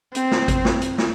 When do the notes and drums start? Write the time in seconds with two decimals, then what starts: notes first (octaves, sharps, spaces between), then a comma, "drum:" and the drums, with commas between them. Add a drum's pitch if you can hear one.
0.15 C4, drum: hi-hat
0.31 drum: snare
0.48 drum: kick G#1, hi-hat
0.65 drum: snare
0.81 drum: hi-hat
0.98 drum: snare